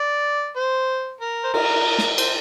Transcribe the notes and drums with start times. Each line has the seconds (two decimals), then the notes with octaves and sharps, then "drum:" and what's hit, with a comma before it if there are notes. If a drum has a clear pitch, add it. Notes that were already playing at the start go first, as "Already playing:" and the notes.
Already playing: D5
0.56 C5
1.20 A#4
1.44 C5
1.54 A#4, drum: cymbal
1.98 drum: snare
2.18 C5, drum: cymbal